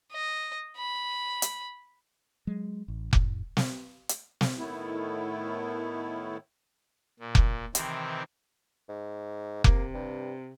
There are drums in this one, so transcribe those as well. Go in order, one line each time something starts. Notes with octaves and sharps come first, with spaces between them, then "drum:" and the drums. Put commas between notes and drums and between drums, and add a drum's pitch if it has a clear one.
D#5
B5
drum: hi-hat
F#3 G#3
A1
F2 A2, drum: kick F1
drum: snare
drum: hi-hat
drum: snare
A2 D#3 A3 B3 E4
A#2
drum: kick F1
C3 D#3 E3 C4, drum: hi-hat
G#2
C3 A#3, drum: kick F1
G2